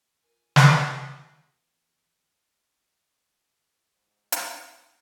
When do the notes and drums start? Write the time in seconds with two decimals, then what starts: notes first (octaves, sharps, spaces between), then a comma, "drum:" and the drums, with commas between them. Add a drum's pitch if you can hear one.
0.23 E2 F4 A#4 G#5
0.56 drum: snare
3.93 G#2
4.32 A4, drum: hi-hat